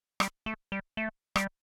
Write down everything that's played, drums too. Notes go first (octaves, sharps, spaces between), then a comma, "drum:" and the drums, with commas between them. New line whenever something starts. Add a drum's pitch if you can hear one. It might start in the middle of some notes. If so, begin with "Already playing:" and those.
G3, drum: rim click
A3
G3
A3
G3, drum: rim click